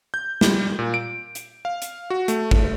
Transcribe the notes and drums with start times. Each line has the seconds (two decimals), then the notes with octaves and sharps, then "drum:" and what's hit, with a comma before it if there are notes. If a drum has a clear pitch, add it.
0.14 G6
0.41 G3, drum: snare
0.79 A#2
0.94 D7
1.35 drum: hi-hat
1.65 F5
1.82 drum: hi-hat
2.10 F#4
2.28 A3, drum: hi-hat
2.51 drum: kick